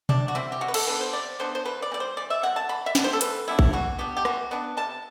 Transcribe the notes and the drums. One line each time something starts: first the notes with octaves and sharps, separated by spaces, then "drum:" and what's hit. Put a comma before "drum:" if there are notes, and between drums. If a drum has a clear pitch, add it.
C3 D4, drum: tom
F#4
G3 C4 E4
G4
C3 F#4
B4
A4, drum: cymbal
E3 B3 D4 B4
C5
C3 D5
E3 B3 D4 C5
C5
E3 B4
D5
C4
G3 D5
C5
E3 D5
E5
G3 C4 F#5
A5
E3 B5
E5
G3 B3 D4, drum: snare
C5
A4
E3 B4, drum: hi-hat
G3 B3 D4 E4
drum: kick A#1
E3 F#4
B3 D4 G4
G4
E3 F#4, drum: rim click
B3 D4 B4
C3 A5